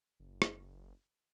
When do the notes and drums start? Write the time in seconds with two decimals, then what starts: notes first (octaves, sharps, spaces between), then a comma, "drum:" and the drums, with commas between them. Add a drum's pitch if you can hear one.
0.20 F#1
0.42 drum: rim click